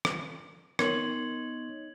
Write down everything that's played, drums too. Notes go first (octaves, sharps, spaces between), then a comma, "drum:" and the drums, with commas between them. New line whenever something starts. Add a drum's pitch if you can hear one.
drum: rim click
B3 D#4 A#4 C#5 C6 G#6 F#7, drum: rim click